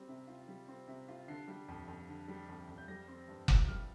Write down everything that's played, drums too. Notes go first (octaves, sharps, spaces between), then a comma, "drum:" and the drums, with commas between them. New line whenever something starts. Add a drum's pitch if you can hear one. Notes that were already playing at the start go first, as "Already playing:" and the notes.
Already playing: G3 C4
C3
F4
G3
C4
C3
F4
D3 C7
G3
F2
F2
D3
G3
F2
F2
G6
G3 A#6
C4
G2
F4, drum: kick F1
G3 F6